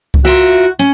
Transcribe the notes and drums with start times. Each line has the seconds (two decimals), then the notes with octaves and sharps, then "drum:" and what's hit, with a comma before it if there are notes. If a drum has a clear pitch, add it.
0.14 drum: kick C2
0.25 F4 F#4 A#4 E5
0.79 C#4